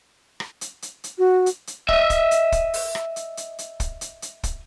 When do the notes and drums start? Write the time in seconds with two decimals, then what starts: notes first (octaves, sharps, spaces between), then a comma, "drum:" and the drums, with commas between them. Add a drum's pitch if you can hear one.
0.40 drum: rim click
0.61 drum: hi-hat
0.82 drum: hi-hat
1.04 drum: hi-hat
1.19 F#4
1.46 drum: hi-hat
1.67 drum: hi-hat
1.89 D#5 E5, drum: kick
2.10 drum: kick, hi-hat
2.31 drum: hi-hat
2.52 drum: kick, hi-hat
2.74 drum: open hi-hat
2.95 drum: rim click
3.16 drum: hi-hat
3.37 drum: hi-hat
3.59 drum: hi-hat
3.80 drum: kick, hi-hat
4.01 drum: hi-hat
4.22 drum: hi-hat
4.43 drum: kick, hi-hat